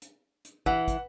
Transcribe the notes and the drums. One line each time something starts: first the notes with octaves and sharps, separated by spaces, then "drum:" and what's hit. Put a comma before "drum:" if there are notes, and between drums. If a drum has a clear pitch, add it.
drum: hi-hat
drum: hi-hat
E3 F#5, drum: kick
drum: kick, hi-hat